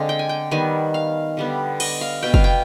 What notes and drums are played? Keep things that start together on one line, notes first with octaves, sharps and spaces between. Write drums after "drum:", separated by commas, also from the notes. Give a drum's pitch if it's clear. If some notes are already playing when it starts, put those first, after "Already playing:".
Already playing: D3 G#3 C4 F5
G5
G#5
G5
D#3 G3 B3 G#5
F5
D3 G3 B3
D#5, drum: cymbal
F5
B2 B3 G5
F5, drum: kick
G5